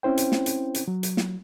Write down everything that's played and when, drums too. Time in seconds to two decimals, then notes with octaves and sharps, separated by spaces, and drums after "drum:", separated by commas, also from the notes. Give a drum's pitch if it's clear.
0.03 C4 C#4 E4 C5 G5
0.18 drum: hi-hat
0.32 drum: snare
0.46 drum: hi-hat
0.75 drum: hi-hat
0.88 F#3
1.03 drum: hi-hat
1.17 drum: snare